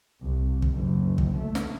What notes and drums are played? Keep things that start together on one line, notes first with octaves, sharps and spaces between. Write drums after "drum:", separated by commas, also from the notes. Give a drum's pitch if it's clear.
C2
drum: kick
F#1
drum: kick
A3
drum: snare